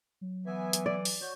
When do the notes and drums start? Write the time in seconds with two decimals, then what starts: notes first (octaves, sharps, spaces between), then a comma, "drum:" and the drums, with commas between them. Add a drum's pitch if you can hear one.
0.21 F#3
0.46 E3 B3 E5 G#5
0.73 drum: hi-hat
0.86 D5
1.05 drum: open hi-hat
1.21 F#4 C#5 G6